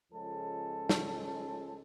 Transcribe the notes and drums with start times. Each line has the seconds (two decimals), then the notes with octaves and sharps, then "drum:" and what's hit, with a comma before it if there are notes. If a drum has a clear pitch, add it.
0.12 C#2 F3 G#3 C#4 A4
0.89 drum: snare